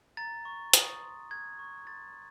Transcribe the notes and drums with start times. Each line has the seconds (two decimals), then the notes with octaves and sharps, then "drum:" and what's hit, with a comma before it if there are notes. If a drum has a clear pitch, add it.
0.17 A#5 A6
0.45 C#6
0.73 D#6, drum: hi-hat
1.03 C6
1.31 F#6 G#6
1.59 C#6
1.87 C6 A6